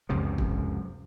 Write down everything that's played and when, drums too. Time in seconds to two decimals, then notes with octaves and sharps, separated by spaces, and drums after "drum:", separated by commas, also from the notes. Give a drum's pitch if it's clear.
0.09 C#2 F#2 C3 F3
0.38 drum: kick